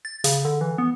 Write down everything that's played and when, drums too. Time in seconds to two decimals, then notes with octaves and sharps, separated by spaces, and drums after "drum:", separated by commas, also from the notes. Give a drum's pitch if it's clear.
0.05 A6
0.24 C#3, drum: hi-hat
0.45 D3
0.61 E3
0.78 B3